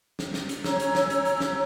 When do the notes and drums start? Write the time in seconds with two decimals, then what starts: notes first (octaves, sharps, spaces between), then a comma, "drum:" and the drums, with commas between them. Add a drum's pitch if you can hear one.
0.19 drum: snare
0.34 drum: snare
0.49 drum: hi-hat
0.64 C#4 C#5 A#5 E6, drum: snare
0.80 drum: hi-hat
0.95 drum: snare
1.10 drum: hi-hat
1.25 drum: hi-hat
1.40 drum: snare